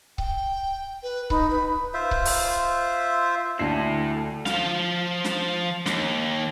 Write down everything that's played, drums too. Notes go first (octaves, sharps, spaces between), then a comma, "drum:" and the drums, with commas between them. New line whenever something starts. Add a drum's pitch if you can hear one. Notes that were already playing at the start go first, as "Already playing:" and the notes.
G5, drum: kick C#1
B4
D#4 B5, drum: kick C#1
B4
F4 C5 E5
drum: kick C#1
drum: open hi-hat
D2 D3 E4 A4 C7
F3 F5, drum: snare
drum: snare
D#2, drum: snare